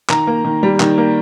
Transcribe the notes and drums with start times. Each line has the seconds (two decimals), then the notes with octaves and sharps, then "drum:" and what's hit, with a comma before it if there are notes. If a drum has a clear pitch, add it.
0.10 D#3 A#5, drum: clap
0.27 A#3
0.45 D#3
0.63 G3
0.80 D#3, drum: clap
0.98 A#3